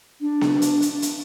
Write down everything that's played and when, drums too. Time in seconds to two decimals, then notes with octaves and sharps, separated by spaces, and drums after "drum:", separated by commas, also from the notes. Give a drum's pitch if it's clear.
0.21 D4
0.41 drum: snare B3
0.62 drum: hi-hat
0.82 drum: hi-hat
1.02 drum: hi-hat